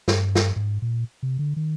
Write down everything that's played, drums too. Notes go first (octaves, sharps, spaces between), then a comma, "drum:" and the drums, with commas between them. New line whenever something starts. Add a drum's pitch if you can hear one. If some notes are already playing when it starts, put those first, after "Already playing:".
G2, drum: snare
drum: snare
G#2
A#2
C3
D3
D#3